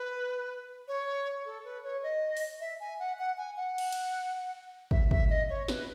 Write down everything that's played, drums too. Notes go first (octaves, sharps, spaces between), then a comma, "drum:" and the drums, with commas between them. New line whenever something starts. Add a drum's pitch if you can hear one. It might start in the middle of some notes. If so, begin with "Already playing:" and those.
Already playing: B4
C#5
A4
B4
C#5
D#5
drum: open hi-hat
E5
G#5
F#5
F#5
G#5
F#5
drum: cymbal
drum: cymbal
E5, drum: kick
E5, drum: kick
D#5
C#5
B4, drum: snare